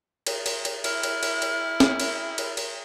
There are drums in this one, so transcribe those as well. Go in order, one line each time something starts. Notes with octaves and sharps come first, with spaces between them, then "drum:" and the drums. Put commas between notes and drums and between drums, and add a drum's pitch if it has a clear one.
drum: cymbal
drum: cymbal
drum: cymbal
E4 F6, drum: cymbal
drum: cymbal
drum: cymbal
drum: cymbal
drum: snare
drum: cymbal
drum: cymbal
drum: cymbal